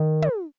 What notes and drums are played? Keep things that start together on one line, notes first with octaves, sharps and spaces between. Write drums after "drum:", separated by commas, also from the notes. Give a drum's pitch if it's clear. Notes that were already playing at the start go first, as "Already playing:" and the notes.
Already playing: D#3
drum: tom